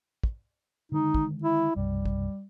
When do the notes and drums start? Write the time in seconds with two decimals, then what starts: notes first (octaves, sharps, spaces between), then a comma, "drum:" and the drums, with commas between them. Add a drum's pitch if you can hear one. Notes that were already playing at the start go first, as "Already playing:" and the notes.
0.23 drum: kick
0.92 D3 D#3 G#3 D#4
1.14 drum: kick
1.43 E4
1.76 B1 F#2 C3 G3
2.05 drum: kick